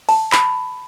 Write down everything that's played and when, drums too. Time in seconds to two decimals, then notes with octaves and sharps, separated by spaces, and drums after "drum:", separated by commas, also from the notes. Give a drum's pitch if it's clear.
0.09 A5, drum: open hi-hat
0.32 B5, drum: clap